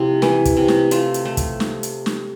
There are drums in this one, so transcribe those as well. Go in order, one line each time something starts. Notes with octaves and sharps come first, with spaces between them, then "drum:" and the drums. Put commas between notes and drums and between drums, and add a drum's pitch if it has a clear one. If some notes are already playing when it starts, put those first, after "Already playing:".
Already playing: C3 F3 A3 E4
E3, drum: snare
drum: kick, hi-hat
C3
drum: snare
A3 F4, drum: hi-hat
drum: hi-hat
A3
drum: kick, hi-hat
drum: snare
drum: hi-hat
drum: snare